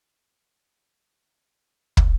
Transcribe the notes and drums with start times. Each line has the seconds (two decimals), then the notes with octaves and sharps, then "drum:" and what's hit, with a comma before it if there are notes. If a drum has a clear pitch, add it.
0.09 D#4 G4 G#5 C6
0.34 C#3 C4 F#4 F#5
0.77 E3 A4 A#4 C5
1.11 C5 E5 G#5 A#5 C6
1.55 G#4
1.97 drum: kick